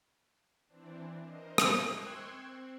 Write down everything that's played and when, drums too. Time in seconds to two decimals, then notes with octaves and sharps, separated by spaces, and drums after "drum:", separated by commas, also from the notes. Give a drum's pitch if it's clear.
0.67 E3 C4 D4
1.22 A#4 C5 D#5
1.58 drum: rim click
1.72 G5 C6 C#6 E6 F#6 G#6
2.25 C4